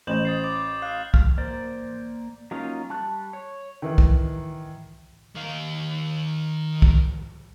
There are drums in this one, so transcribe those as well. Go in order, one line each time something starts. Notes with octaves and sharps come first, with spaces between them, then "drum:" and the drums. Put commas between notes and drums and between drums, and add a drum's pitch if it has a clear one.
A1 C5 D#5 G6 E7 F#7
D#6 A6 C7
D6 A6
F5 D#6 F#6
F6, drum: kick
A#3 C5 D5
F#3 A#3 C#4 D#4 F4
G3 A5 C#6 F#6
C#5
D#3 E3
drum: kick
D#3 F5
drum: kick